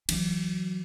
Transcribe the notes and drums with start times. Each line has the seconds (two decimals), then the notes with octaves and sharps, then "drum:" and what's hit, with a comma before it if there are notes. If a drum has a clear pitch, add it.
0.09 E3 F#3, drum: cymbal